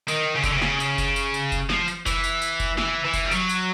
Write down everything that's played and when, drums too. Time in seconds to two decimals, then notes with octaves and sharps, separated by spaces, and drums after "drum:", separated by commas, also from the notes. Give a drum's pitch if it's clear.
0.08 D#3, drum: tambourine
0.35 C#3
0.43 D3, drum: kick F#1, tambourine
0.51 C#3
0.57 C3
0.62 C#3, drum: snare
0.80 drum: tambourine
0.98 drum: kick F#1, tambourine
1.16 drum: tambourine
1.34 drum: tambourine
1.52 drum: kick F#1, tambourine
1.70 F3, drum: snare
1.88 drum: tambourine
2.06 E3, drum: kick F#1, tambourine
2.24 drum: tambourine
2.42 drum: tambourine
2.60 drum: kick F#1, tambourine
2.78 E3, drum: snare
3.04 E3
3.13 drum: kick F#1, tambourine
3.24 G3
3.31 F#3, drum: tambourine
3.49 drum: tambourine